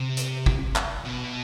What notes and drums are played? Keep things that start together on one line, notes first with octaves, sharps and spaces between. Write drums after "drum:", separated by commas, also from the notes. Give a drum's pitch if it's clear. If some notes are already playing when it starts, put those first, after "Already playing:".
Already playing: C3
drum: hi-hat
drum: kick
drum: clap
B2